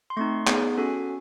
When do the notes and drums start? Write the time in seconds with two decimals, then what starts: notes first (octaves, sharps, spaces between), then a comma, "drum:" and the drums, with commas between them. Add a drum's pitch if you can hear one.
0.10 C6
0.17 A3 C4 D#4 C#6
0.47 B3 D#4 G#4, drum: clap
0.78 C#4 F#4 A4